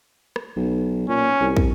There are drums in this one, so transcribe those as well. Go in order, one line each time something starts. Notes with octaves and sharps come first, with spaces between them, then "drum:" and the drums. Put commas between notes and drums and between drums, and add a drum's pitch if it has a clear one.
drum: rim click
B1
A#2 C#4
C2
drum: kick